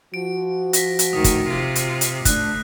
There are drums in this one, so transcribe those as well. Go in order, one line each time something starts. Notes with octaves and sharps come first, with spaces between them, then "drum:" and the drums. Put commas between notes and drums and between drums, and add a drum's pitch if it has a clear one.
F3 F#4 D7
A#6 B6, drum: hi-hat
drum: hi-hat
D2 D#3 D#6
drum: kick, hi-hat
C3 F4
drum: hi-hat
drum: hi-hat
D2 D4 F#6, drum: kick, hi-hat